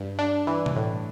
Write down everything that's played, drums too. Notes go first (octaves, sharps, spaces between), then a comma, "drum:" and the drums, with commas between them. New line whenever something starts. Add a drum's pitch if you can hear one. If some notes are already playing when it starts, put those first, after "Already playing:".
Already playing: G2
D4
E3
drum: tom B2
A2